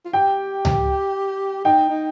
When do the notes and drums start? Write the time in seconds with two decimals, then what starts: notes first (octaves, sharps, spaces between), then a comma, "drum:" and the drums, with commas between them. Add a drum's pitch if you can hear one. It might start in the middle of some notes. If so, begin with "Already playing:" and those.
0.05 F4
0.13 G4 G5
0.65 drum: tom C#2
1.64 D#4 G5
1.90 D#4